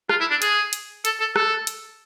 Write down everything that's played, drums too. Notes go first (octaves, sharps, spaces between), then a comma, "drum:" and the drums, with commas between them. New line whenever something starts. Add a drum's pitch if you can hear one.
F4, drum: rim click
E4
D4
G#4, drum: hi-hat
drum: hi-hat
A4, drum: hi-hat
A4
A4, drum: rim click
drum: hi-hat